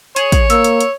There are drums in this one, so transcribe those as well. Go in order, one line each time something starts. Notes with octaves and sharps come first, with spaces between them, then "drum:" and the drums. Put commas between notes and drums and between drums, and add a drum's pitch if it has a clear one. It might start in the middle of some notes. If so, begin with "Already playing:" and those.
G#4 C#5, drum: hi-hat
drum: kick, hi-hat
A#3 E6, drum: hi-hat
drum: hi-hat
drum: hi-hat